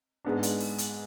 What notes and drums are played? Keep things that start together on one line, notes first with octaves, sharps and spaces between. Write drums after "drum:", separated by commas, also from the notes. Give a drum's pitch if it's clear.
G#2 G#3 B3 D4
drum: hi-hat
drum: open hi-hat
drum: hi-hat